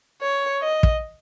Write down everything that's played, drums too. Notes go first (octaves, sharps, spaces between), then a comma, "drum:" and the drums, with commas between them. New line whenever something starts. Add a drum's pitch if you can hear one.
C#5
D#5
drum: kick